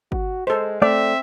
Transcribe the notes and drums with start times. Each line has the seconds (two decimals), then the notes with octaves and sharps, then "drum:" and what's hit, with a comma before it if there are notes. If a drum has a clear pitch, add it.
0.12 F#4, drum: kick G1
0.47 G#3 A4 C5
0.82 A3 C4 D5 E5